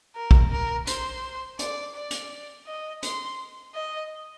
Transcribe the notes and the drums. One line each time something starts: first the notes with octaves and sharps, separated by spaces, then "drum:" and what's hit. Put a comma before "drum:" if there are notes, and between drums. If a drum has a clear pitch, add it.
A#4
drum: kick
A#4
C5, drum: hi-hat
D5, drum: hi-hat
D5
drum: hi-hat
D#5
C6, drum: hi-hat
D#5